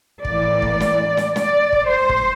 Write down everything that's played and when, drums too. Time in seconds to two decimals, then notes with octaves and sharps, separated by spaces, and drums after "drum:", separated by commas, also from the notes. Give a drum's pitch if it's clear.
0.25 A2 E3 A#3 D5, drum: kick
0.62 drum: kick
0.80 drum: snare
1.17 drum: snare
1.36 D5, drum: snare
1.73 drum: kick
1.91 C5
2.09 drum: kick